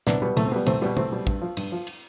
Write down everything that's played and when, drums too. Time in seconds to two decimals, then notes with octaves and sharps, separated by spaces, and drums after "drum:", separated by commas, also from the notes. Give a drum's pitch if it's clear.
0.07 C2 B3 D4, drum: snare
0.22 B2 G3 B3
0.37 C2 A3, drum: cymbal
0.46 C4
0.52 B2 G3 B3
0.66 C2 A3 C4, drum: cymbal
0.82 B2 G3 B3
0.97 C2 A3 C4, drum: tom
1.12 B2 G3
1.27 G2, drum: kick
1.42 F3
1.57 G2, drum: cymbal
1.72 F3
1.87 drum: cymbal